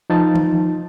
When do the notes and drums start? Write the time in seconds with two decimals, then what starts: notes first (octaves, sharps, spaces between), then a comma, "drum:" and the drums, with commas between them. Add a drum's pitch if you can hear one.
0.10 F3 D#4 A5
0.35 drum: tom D#3